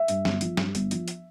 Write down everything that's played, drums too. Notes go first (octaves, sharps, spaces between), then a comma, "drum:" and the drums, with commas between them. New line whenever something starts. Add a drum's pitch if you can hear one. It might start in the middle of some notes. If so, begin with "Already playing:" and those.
Already playing: E5
G2, drum: hi-hat
G1, drum: snare
F3, drum: hi-hat
G2, drum: snare
G1, drum: hi-hat
F3, drum: hi-hat
drum: hi-hat